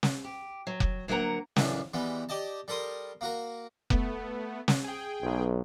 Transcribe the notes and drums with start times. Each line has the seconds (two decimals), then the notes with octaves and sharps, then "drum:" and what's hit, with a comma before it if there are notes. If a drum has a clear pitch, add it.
0.03 drum: snare
0.24 G4
0.67 F#3
0.80 drum: kick F1
1.08 D2 F#3 A#3 B4 F#5 A#5
1.56 C#2 F#2 A2 E3 D4 E5, drum: snare
1.93 E2 E3 G3 G#3 B3
2.29 G4 D5 D#5 A5
2.68 G3 A4 A#4 C6 D#6
3.21 A#3 F#4 A#4
3.90 A3 B3, drum: kick F1
4.68 drum: snare
4.84 G#4 G5
5.22 B1